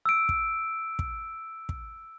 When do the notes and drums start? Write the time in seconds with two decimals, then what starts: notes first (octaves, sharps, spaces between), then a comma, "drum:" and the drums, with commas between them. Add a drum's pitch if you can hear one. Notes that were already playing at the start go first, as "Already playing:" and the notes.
0.05 E6 D7
0.29 drum: kick
0.99 drum: kick
1.69 drum: kick